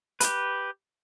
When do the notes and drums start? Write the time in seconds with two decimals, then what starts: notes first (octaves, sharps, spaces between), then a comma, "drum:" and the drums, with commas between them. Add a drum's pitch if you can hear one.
0.20 G4 B4, drum: hi-hat